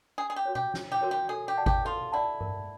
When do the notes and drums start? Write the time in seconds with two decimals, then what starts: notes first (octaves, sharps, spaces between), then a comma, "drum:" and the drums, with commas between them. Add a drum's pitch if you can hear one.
0.18 C#4 G#4
0.30 G#4
0.36 G4
0.46 F#4 A#4 C#5
0.55 G4, drum: tom B2
0.74 C#4, drum: snare
0.92 G4
1.01 F#4 A#4 C#5
1.11 G4
1.29 G#4 A4
1.48 G4
1.57 D5 F#5 A5
1.66 G4, drum: kick G#1
1.85 F4 A4
2.12 E4 D5 F#5 A5
2.41 A#4, drum: tom G2